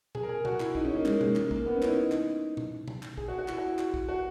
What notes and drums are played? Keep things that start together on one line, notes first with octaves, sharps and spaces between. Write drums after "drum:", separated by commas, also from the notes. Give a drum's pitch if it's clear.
G#4, drum: tom A#2
A#4
G#4
F#4, drum: tom A#2
E4, drum: clap
D#4, drum: kick
C#4
A#3
G#3, drum: clap
G#3, drum: tom B2
A#3, drum: clap
A#3, drum: kick
B3
C#4
E4, drum: clap
D#4
drum: clap
drum: tom A#2
drum: tom A#2
drum: clap
G#4, drum: kick
F#4
F#4
E4, drum: clap
F#4
drum: clap
drum: kick
F#4